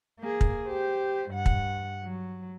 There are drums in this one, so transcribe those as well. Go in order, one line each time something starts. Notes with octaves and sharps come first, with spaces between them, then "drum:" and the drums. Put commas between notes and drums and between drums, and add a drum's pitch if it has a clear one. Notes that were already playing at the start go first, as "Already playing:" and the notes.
A#3 G#4
drum: kick
G4 C5
G2 F#5
drum: kick
F#3